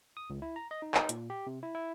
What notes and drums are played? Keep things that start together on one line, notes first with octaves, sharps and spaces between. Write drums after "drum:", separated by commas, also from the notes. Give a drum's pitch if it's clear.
D#6
C#2
E4
A#5
D#5
D#4
D#4, drum: clap
A#2, drum: hi-hat
G4
C3
E4
E4